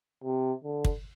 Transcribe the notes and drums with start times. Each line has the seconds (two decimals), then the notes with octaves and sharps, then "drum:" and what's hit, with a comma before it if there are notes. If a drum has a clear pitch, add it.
0.24 C3
0.64 D3
0.85 drum: kick